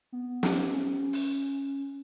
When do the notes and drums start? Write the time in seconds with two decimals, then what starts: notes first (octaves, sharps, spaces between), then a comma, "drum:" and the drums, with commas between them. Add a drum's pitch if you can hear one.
0.12 B3
0.43 C#4, drum: snare
0.73 C#4
1.13 drum: open hi-hat